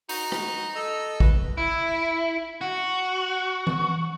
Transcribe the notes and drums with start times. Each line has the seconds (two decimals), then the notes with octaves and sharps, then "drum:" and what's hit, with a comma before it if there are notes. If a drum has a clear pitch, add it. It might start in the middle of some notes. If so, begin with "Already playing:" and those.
0.09 D#4 F#4, drum: open hi-hat
0.32 drum: rim click
0.76 A4 D#5 E6
1.20 B4, drum: kick
1.58 E4
2.61 F#4
3.67 drum: tom E3